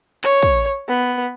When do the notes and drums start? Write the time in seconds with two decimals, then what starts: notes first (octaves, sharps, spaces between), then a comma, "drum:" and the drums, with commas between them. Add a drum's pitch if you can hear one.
0.24 C#5, drum: clap
0.43 drum: kick
0.88 B3